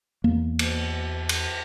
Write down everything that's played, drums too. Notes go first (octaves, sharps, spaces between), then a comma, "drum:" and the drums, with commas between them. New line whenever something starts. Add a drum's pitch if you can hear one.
E2 A#3
drum: cymbal
drum: cymbal